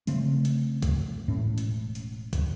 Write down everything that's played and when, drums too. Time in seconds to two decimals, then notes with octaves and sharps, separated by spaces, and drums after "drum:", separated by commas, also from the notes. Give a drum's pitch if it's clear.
0.07 C#3 A3 C4, drum: hi-hat
0.45 drum: hi-hat
0.83 drum: kick, hi-hat
1.28 E1 A2 C#4
1.58 drum: hi-hat
1.95 drum: hi-hat
2.33 drum: kick, hi-hat